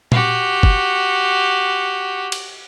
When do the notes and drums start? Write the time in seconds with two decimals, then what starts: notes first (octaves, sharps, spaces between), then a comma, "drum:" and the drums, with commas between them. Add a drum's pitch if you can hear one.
0.12 F#4 G4, drum: tom A#2
0.63 drum: kick F#1
2.32 drum: cymbal